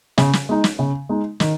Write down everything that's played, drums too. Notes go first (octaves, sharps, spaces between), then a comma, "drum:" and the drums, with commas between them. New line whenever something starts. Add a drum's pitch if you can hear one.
C#3, drum: snare
drum: snare
G#3 D#4
drum: snare
C#3
G#3 D#4
D#3, drum: snare